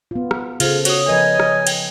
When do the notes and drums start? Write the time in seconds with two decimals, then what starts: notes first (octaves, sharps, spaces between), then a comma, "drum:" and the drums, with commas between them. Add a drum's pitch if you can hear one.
0.11 B3 F4
0.31 drum: rim click
0.60 C#3 F4 G#4 A4 C5, drum: cymbal
0.85 F#4 C#5 D#6, drum: cymbal
1.09 F3 A#4 B4 D#5 G#5
1.40 drum: rim click
1.67 G5, drum: cymbal